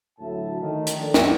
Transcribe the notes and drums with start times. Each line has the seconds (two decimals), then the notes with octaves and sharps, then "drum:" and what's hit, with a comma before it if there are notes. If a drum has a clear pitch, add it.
0.19 D2 A2 F#3 E5 A5
0.59 D#3
0.87 drum: hi-hat
0.98 F3 A3 D4
1.14 drum: snare